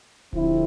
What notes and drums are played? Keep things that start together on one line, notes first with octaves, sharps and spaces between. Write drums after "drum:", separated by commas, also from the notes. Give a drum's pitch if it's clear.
F2 D3 G3 C4 E4, drum: kick D1